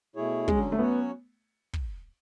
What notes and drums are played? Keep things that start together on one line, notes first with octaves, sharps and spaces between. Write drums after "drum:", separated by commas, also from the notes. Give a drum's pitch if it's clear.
B2 A3 E4 G#4 C#5
D3 F#3 G#3 C#4, drum: kick
A3
F#3 B3 C#4 F#4 C#5
drum: kick